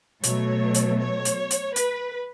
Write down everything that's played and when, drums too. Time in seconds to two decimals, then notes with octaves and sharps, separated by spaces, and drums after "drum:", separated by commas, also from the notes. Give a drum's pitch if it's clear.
0.23 B2 F#3 A3 C#5, drum: hi-hat
0.74 drum: hi-hat
1.00 C#5
1.25 drum: hi-hat
1.51 drum: hi-hat
1.76 B4, drum: hi-hat